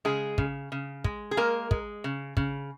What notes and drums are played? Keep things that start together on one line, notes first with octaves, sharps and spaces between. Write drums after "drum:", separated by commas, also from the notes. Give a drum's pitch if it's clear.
C#3 G#3 G#4
C#3, drum: kick
C#3
G#3, drum: kick
G#4
G#3 A#3 A#4
G#3, drum: kick
C#3
C#3, drum: kick